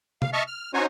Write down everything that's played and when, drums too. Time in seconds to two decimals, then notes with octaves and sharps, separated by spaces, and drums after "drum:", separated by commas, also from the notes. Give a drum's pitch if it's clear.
0.22 F5, drum: tom
0.33 D#5 E5 A5 C#6 F6
0.47 F6
0.74 C#4 D#4 F#4 C5 C#5 G#5